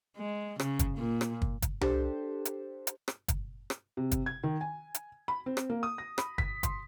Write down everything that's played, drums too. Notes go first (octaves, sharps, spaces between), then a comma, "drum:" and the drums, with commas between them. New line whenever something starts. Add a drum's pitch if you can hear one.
G#3
C#3, drum: rim click
drum: kick, hi-hat
A#2
drum: rim click
drum: kick
drum: kick, hi-hat
D4 G4 A4 C5, drum: tom C2
drum: hi-hat
drum: hi-hat
drum: rim click
drum: kick, hi-hat
drum: rim click
C3
drum: kick, hi-hat
G#6
D#3
G#5
drum: hi-hat
B5
C4
drum: rim click
A#3
D#6
A#6
B5, drum: rim click
B6, drum: kick
C6, drum: kick, hi-hat